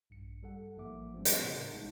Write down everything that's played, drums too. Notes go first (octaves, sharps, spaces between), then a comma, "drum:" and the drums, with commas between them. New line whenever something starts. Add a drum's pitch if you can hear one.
A#1 G2 C#7
G3 A4 F#5
A1 G#2 F3 A#3 E5 D6
F3 G3 G#3 B3 C#4
drum: hi-hat
A2 C#3 D4 A#4 F#5 A#5
G#1 B2 G#3 D#4 E4 A5